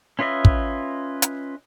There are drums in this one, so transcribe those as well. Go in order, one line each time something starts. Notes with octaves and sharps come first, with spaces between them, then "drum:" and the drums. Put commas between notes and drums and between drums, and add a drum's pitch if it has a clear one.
C#4 F4 B4 D#5 E5
drum: kick
drum: hi-hat